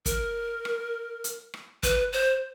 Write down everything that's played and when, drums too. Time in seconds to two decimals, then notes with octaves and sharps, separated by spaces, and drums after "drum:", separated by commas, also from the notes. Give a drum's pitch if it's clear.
0.06 A#4, drum: kick, hi-hat
0.65 drum: rim click
1.24 drum: hi-hat
1.54 drum: rim click
1.83 B4, drum: kick, hi-hat
2.13 C5